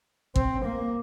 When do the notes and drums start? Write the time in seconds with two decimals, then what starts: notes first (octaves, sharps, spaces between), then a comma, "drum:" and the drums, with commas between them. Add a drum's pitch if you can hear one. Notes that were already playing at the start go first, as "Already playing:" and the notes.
0.36 C4, drum: kick
0.65 A#3